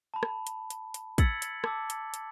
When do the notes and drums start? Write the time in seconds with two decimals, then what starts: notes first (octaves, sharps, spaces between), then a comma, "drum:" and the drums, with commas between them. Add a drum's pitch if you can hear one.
0.14 A5 B5
0.23 drum: rim click
0.47 drum: hi-hat
0.70 drum: hi-hat
0.94 drum: hi-hat
1.18 E6 G#6 A6 B6 C#7 F#7, drum: kick, hi-hat
1.42 drum: hi-hat
1.64 A5 D6 E6, drum: rim click
1.90 drum: hi-hat
2.14 drum: hi-hat